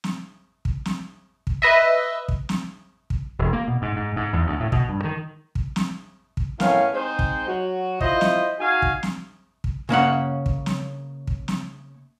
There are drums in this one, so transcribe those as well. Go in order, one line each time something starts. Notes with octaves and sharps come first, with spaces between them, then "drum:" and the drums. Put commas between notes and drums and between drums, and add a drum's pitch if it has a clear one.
drum: snare
drum: kick
drum: snare
drum: kick
B4 D#5 E5
drum: kick
drum: snare
drum: kick
E1
A#3
B2
G#2
G#2
G#2
E2
D2
A2
B2, drum: kick
G2
D#3
drum: kick
drum: snare
drum: kick
A2 B3 C#4 A#4 F5, drum: snare
G#3 C4 D#4 C5
drum: kick
F#3 F#4
E4 F4 C5 D#5, drum: kick
drum: snare
D#4 F#4 F5 G#5
drum: kick
drum: snare
drum: kick
C#3 A#3 C#4 F#5
drum: kick
drum: snare
drum: kick
drum: snare